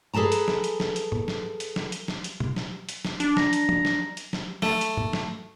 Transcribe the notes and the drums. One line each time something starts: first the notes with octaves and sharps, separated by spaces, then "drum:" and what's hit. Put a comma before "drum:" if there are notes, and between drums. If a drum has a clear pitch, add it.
G#4 A4 B4 A5 A#5
drum: hi-hat
drum: snare
drum: hi-hat
drum: snare
drum: hi-hat
drum: tom G#2
drum: snare
drum: hi-hat
drum: snare
drum: hi-hat
drum: snare
drum: hi-hat
drum: tom B2
drum: snare
drum: hi-hat
drum: snare
D4, drum: hi-hat
A#5, drum: snare
drum: hi-hat
drum: tom
drum: snare
drum: hi-hat
drum: snare
A3, drum: snare
drum: hi-hat
drum: tom G#2
drum: snare